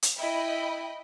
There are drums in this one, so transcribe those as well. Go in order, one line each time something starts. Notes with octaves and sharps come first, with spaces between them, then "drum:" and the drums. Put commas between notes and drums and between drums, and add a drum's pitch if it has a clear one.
drum: hi-hat
E4 D#5 G5 B5